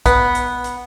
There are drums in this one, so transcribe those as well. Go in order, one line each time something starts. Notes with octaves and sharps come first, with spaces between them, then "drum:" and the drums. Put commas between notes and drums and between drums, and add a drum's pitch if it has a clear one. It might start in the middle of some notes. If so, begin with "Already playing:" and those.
B3, drum: kick B1, hi-hat
drum: hi-hat
drum: hi-hat